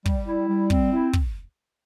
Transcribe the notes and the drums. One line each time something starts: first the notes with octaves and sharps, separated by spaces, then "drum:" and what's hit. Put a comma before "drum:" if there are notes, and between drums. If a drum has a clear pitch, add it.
G3, drum: kick
E4
G3
C4, drum: kick
E4
drum: kick